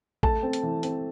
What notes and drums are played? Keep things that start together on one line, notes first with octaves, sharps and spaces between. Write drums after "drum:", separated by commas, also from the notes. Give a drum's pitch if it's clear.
A3 A5, drum: kick A1
C4
drum: hi-hat
E3
C4, drum: hi-hat